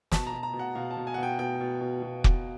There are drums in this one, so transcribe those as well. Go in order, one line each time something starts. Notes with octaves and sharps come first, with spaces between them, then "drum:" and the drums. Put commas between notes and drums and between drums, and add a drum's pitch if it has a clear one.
B2 A5, drum: snare
A#5
B2
A#5
B2
F#5
B2 F5
A5
B2
G#5
F#5
B2 G5
B2 G5
B2
B2
B2
B2, drum: kick